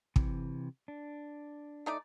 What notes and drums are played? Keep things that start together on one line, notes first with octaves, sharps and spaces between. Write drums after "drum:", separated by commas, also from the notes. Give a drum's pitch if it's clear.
C3 E3, drum: kick
D4
A3 D#4 D5